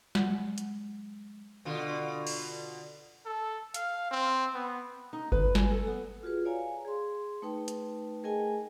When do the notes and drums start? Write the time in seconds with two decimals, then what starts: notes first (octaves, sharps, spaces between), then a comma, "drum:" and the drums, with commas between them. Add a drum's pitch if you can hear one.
0.15 F#3 G#3 F#5, drum: snare
0.58 drum: hi-hat
1.65 B2 D3 F4
2.27 drum: cymbal
3.25 A4
3.74 F5, drum: hi-hat
4.11 C4
4.54 B3
5.13 D#4
5.32 B4, drum: kick G1
5.55 G#5, drum: snare
5.71 A4
5.87 B3
6.23 F4 F#4 G#4 B4
6.45 C#5 D5 F5 G#5 A#5
6.85 G#4 C6
7.42 A3 D#4 B4 G5
7.68 drum: hi-hat
8.23 A3 G#4 A#4 D#5 G5 G#5